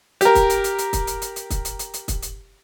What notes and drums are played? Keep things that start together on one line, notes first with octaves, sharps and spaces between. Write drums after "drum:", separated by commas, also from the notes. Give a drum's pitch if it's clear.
G4 A#4, drum: hi-hat
drum: kick, hi-hat
drum: hi-hat
drum: hi-hat
drum: hi-hat
drum: kick, hi-hat
drum: hi-hat
drum: hi-hat
drum: hi-hat
drum: kick, hi-hat
drum: hi-hat
drum: hi-hat
drum: hi-hat
drum: kick, hi-hat
drum: hi-hat